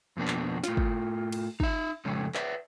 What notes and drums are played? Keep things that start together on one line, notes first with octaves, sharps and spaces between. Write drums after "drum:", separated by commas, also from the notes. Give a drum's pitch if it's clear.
F2 B2 A#3 D4
drum: clap
A2 F4, drum: snare
drum: kick
drum: cymbal
D#4 E5, drum: kick
F2 A2 C#3 G#3 A3 C#4
B4 D5 E5, drum: clap